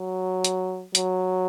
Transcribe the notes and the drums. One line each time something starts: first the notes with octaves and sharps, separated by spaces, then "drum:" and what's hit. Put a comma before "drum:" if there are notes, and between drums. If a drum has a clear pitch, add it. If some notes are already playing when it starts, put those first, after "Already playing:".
Already playing: F#3
drum: hi-hat
F#3, drum: hi-hat